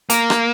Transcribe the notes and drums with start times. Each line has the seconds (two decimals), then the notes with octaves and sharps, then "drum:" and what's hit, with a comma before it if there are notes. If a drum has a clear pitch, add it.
0.10 A#3, drum: hi-hat
0.30 drum: rim click